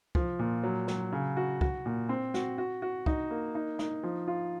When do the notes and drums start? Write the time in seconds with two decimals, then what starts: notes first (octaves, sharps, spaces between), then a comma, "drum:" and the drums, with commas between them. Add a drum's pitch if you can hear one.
0.15 F3, drum: kick
0.39 A#2
0.63 F#3
0.88 F#3, drum: snare
1.12 C#3
1.37 F#4
1.61 F#4, drum: kick
1.86 A#2
2.09 C4
2.34 F#4, drum: snare
2.58 F#4
2.82 F#4
3.06 D#4, drum: kick
3.31 A#3
3.55 D#4
3.79 D#4, drum: snare
4.03 F3
4.28 F4